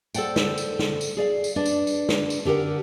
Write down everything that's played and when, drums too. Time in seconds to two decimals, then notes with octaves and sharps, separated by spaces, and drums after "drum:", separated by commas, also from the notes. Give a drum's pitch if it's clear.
0.14 A4 C5 D5 F#5 G5, drum: tambourine
0.36 drum: snare
0.58 drum: tambourine
0.79 drum: snare
1.01 drum: tambourine
1.17 G#4 D5 F5
1.44 drum: tambourine
1.56 D4 B4 D5
1.66 drum: tambourine
1.87 drum: tambourine
2.09 drum: snare
2.30 drum: tambourine
2.45 D3 G4 A#4 F#5